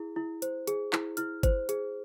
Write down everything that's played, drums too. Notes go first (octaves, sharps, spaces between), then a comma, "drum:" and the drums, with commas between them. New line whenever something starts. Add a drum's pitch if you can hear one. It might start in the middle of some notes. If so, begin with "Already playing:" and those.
Already playing: E4 G#4
E4
C5, drum: hi-hat
G#4, drum: hi-hat
E4, drum: clap
E4 F6, drum: hi-hat
C5, drum: kick G1, hi-hat
G#4, drum: hi-hat